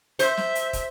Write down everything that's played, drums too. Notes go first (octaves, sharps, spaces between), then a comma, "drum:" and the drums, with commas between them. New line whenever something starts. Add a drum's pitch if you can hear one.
C5 E5, drum: hi-hat
drum: snare
drum: hi-hat
drum: kick, hi-hat